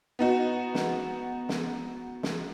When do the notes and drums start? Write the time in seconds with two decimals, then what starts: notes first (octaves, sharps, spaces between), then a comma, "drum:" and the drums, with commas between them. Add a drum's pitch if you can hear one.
0.19 B3 D#4 F#4
0.75 drum: snare
1.49 drum: snare
2.23 drum: snare